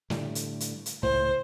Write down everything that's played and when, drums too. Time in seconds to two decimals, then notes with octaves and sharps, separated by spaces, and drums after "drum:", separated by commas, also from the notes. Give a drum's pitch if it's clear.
0.10 A2 D3 G3, drum: snare
0.35 drum: hi-hat
0.60 drum: hi-hat
0.86 drum: hi-hat
1.03 C#2 A2 C5